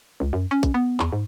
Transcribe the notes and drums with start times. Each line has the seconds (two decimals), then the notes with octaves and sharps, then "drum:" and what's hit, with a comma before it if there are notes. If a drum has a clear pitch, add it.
0.20 C#2
0.33 F#2
0.51 C#4
0.63 drum: kick, hi-hat
0.74 B3
1.00 E2, drum: clap
1.12 G#2